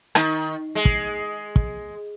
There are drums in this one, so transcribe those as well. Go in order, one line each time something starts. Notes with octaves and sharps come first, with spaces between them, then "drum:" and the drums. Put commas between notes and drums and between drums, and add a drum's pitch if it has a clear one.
D#3, drum: rim click
G#3
drum: kick
drum: kick